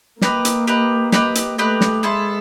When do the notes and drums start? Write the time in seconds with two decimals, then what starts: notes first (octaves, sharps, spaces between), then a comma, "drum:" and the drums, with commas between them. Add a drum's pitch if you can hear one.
0.21 A#3 G4 B4 D#5, drum: snare
0.45 drum: hi-hat
0.67 G4 B4 D#5
1.12 G4 B4 D#5, drum: snare
1.35 drum: hi-hat
1.58 A3 G4 B4 D#5
1.81 drum: snare
2.03 G#3 B3 E4 A4 C5